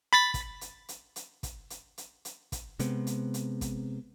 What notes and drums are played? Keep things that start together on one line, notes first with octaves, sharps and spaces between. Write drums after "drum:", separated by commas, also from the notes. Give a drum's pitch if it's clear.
B5 A6 B6
drum: kick, hi-hat
drum: hi-hat
drum: hi-hat
drum: hi-hat
drum: kick, hi-hat
drum: hi-hat
drum: hi-hat
drum: hi-hat
drum: kick, hi-hat
C3 G#3 B3 C4, drum: hi-hat
drum: hi-hat
drum: hi-hat
drum: kick, hi-hat